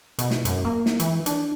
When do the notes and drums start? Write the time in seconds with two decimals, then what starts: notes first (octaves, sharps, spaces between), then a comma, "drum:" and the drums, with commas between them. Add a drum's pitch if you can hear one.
0.19 B2, drum: hi-hat
0.31 drum: snare
0.45 F#2, drum: hi-hat
0.65 A#3
0.86 drum: snare
1.00 E3, drum: hi-hat
1.26 D4, drum: hi-hat